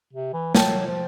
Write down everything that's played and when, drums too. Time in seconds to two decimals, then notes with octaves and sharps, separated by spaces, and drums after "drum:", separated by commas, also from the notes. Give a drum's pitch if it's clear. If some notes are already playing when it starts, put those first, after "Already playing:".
0.13 C3
0.33 E3
0.55 F#3 G5 A5, drum: snare
0.87 F3